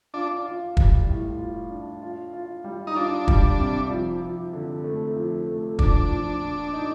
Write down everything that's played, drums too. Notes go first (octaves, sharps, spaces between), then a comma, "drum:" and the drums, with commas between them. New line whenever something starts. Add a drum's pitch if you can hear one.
D4 F4
F4
G3, drum: kick
A2
F4
D4
F4
F4
G3
D#4
D4 F4
G3, drum: kick
C3
F3
F3
D3
A3
F3
A3
F3 D4, drum: kick
F3
A#2
D#4